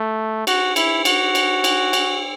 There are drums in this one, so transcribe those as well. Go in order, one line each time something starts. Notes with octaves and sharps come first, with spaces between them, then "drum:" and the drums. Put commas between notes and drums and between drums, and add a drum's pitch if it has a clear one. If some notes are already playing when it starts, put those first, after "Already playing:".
Already playing: A3
F#4, drum: cymbal
E4, drum: cymbal
F#4, drum: cymbal
drum: cymbal
drum: cymbal
drum: cymbal